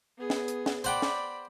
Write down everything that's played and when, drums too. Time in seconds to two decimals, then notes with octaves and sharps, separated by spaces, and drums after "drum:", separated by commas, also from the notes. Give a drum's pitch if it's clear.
0.18 B3 G#4
0.30 drum: snare
0.48 drum: hi-hat
0.66 drum: snare
0.84 C5 D5 F#5 G5 B5, drum: hi-hat
1.02 drum: snare